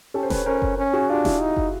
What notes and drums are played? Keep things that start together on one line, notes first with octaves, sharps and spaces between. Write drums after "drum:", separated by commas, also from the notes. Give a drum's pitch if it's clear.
C#4 G4 A4
C5
B4 C#5, drum: snare D#1
C#4 A#4 C5
drum: kick F#1
C#4
F#4 G#4
D4 F4 G4
E4 F#4, drum: snare D#1
D#4
drum: kick F#1